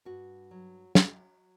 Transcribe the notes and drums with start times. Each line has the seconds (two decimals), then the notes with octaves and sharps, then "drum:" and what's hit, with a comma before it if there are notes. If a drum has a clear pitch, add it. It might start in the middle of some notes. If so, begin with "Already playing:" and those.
0.05 G2 F#4
0.51 F#3
0.95 F#3, drum: snare